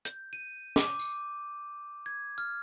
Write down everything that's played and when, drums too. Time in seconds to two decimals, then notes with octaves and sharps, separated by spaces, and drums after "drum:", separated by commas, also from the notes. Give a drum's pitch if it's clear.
0.05 G6, drum: hi-hat
0.33 D#7
0.76 D6, drum: snare
0.99 drum: tambourine
2.06 G#6
2.38 F6